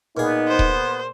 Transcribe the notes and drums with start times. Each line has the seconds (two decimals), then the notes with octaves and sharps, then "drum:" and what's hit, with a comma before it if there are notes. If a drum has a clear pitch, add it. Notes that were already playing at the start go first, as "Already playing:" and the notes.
0.17 A#2 B3 D#4 G#4
0.48 C5
0.59 drum: kick D#1